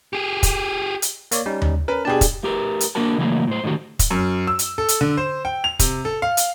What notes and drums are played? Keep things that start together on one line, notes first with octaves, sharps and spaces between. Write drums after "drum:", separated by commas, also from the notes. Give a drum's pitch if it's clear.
G4 G#4
drum: kick, hi-hat
drum: hi-hat
A#3 C#5 D5, drum: hi-hat
G3 C#4 D#4
drum: tom D#2
C#4 A#4 B4
B2 D4 G4 G#4 A5
drum: kick, hi-hat
A3 G4 A#4 B4
drum: hi-hat
A#3 D4 F#4 A#4 A5
C#3 E3 F#3 A3 A#3 E4
A2 C5
A2 D3 D#3 F#4 G4
drum: kick, hi-hat
F#2
E6
drum: hi-hat
A4
drum: hi-hat
D3
C5
G5
F7
C3, drum: kick, hi-hat
A4
F5
drum: hi-hat